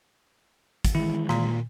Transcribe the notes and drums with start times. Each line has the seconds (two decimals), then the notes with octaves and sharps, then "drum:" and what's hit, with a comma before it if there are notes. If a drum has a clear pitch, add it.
0.85 drum: kick, hi-hat
0.95 D#3 E3 G#3 E4
1.29 A#2, drum: rim click